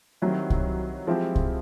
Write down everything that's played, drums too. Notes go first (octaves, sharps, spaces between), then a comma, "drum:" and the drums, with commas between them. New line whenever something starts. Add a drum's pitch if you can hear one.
D#3 F#3 G3 C4 E4
drum: kick C2
F3 G#3 C4 E4 G4
drum: kick C2